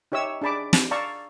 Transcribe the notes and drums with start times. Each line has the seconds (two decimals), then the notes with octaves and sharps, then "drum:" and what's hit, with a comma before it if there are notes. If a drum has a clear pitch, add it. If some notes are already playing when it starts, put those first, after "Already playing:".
0.12 D#4 G4 C#5 E5 E6
0.42 D4 G#4 A5 B5 D6
0.73 drum: snare
0.91 D5 F5 A5 A#5 C#6 E6